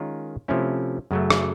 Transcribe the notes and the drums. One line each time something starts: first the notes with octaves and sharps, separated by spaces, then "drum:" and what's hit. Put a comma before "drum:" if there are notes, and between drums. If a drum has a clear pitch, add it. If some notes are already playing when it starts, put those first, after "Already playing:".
Already playing: D#3 G#3 C#4 F4 A#4
C3 F3 A3 C#4 E4
F#2 C#3 F#3 A3
drum: rim click